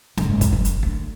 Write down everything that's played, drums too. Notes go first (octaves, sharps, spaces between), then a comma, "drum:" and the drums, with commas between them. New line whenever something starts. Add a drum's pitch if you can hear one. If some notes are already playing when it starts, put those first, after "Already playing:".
F#1 G#2, drum: snare
drum: kick, hi-hat
F#2
drum: hi-hat
D2